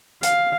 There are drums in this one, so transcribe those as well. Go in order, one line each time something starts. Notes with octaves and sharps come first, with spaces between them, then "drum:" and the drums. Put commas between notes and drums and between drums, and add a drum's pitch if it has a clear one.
F5, drum: hi-hat